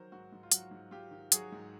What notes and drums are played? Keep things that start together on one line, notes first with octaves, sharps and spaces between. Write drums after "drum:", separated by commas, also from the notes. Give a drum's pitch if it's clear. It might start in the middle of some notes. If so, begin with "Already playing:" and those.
Already playing: D#3 F#3 A#4 C5
G#2 F#4
G#2
F4
F#3 F#4, drum: hi-hat
G#2
G#2 F4 G4
D#3
F#3 F#4 G#4, drum: hi-hat
G#2